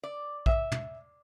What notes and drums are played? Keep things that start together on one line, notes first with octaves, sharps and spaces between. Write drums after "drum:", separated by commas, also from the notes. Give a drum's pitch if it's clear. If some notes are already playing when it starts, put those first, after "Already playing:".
D5
E5, drum: kick A#1
drum: tom